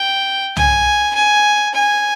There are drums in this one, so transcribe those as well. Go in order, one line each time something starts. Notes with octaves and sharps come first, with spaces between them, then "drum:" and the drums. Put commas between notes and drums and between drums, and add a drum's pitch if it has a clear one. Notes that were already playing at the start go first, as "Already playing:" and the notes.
Already playing: G5
G#5, drum: tom C2
G#5
G#5